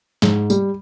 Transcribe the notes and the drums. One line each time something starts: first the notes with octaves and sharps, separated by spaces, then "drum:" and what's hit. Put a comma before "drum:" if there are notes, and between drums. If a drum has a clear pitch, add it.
G#2, drum: snare
G3, drum: tambourine